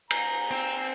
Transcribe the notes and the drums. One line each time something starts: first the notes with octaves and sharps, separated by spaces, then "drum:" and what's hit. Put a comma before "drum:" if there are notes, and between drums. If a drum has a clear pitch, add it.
A#5, drum: cymbal
C4